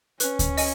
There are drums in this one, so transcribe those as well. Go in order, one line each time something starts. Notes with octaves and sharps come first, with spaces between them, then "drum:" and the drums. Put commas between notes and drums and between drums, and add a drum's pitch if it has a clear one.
C#4 B4, drum: hi-hat
drum: kick D2, hi-hat
D#5 G#5, drum: open hi-hat